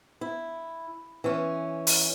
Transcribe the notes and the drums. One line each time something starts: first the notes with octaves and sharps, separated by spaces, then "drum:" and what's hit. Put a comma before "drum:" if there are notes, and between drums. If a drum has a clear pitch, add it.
E4
E3 C#4
drum: open hi-hat